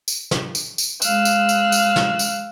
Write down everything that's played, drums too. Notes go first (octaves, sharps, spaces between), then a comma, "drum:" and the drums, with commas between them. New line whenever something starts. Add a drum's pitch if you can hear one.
drum: tambourine
drum: snare
drum: tambourine
drum: tambourine
G#3 F5 E6 F#6, drum: tambourine
drum: tambourine
drum: tambourine
drum: tambourine
drum: snare
drum: tambourine